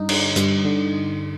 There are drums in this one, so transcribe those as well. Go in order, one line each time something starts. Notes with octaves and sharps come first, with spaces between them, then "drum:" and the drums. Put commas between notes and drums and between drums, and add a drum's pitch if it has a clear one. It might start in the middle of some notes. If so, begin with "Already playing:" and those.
Already playing: G2 D#4
D3, drum: cymbal
G2, drum: hi-hat
D3